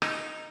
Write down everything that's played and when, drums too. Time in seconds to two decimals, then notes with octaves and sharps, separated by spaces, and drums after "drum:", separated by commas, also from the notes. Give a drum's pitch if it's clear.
0.02 D#4, drum: rim click